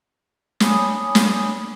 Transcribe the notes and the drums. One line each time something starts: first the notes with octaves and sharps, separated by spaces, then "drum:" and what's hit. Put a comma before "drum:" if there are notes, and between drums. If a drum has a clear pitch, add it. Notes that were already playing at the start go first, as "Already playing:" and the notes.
A3 C#5 G#5 B5 D6 D#6, drum: snare
drum: snare